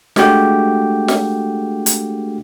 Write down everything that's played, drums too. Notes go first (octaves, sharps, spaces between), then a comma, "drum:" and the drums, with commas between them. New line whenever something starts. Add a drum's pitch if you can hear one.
G#3 A3 D4 F#4 G4 G5, drum: snare
drum: snare
drum: hi-hat